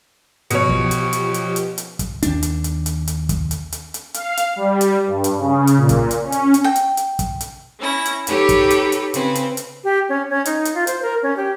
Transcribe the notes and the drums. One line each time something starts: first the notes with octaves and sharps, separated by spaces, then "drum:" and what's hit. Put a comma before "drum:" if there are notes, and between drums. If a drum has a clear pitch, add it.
B2 F3 G4 C#5, drum: hi-hat
drum: kick
drum: hi-hat
drum: hi-hat
drum: hi-hat
drum: hi-hat
drum: hi-hat
drum: kick, hi-hat
D#2 D4, drum: hi-hat
drum: hi-hat
drum: hi-hat
drum: hi-hat
drum: hi-hat
drum: kick, hi-hat
drum: hi-hat
drum: hi-hat
drum: hi-hat
F5, drum: hi-hat
drum: hi-hat
G3
drum: hi-hat
G2
drum: hi-hat
C#3
drum: hi-hat
A#2
drum: kick, hi-hat
drum: hi-hat
C#4
drum: hi-hat
drum: hi-hat
G5
drum: hi-hat
drum: hi-hat
drum: kick, hi-hat
drum: hi-hat
C#4 E4 A#6
drum: hi-hat
D#4 G4 A4 B4 C#5, drum: hi-hat
drum: kick, hi-hat
drum: hi-hat
drum: hi-hat
C#3 C4 B4, drum: hi-hat
drum: hi-hat
drum: hi-hat
G4
C#4
C#4
D#4, drum: hi-hat
drum: hi-hat
F4
C5, drum: hi-hat
A#4
C#4
G4